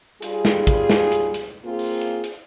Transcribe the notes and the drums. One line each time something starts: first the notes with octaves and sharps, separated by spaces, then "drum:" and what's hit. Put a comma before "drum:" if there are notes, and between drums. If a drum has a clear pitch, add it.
G3 F4 G#4, drum: hi-hat
drum: snare
drum: kick, hi-hat
drum: snare
drum: hi-hat
drum: hi-hat
A#3 C4 F4 G#4
drum: open hi-hat
drum: hi-hat
drum: hi-hat